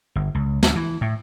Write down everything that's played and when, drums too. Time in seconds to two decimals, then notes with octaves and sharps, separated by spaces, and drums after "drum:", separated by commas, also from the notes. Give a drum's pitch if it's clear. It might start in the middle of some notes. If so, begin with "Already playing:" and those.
0.16 G1
0.35 C#2
0.63 D2, drum: snare
0.76 E3
1.01 A2